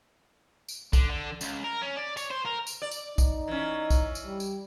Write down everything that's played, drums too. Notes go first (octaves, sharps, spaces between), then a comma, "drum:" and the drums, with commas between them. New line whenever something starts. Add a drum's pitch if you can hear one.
drum: tambourine
D3, drum: kick, tambourine
D3
C#2, drum: tambourine
A#4
C#4
D5
C#5, drum: tambourine
C5
A#4
drum: tambourine
D5
drum: tambourine
D#4, drum: kick, tambourine
E3 C#4
drum: kick, tambourine
drum: tambourine
G3
drum: tambourine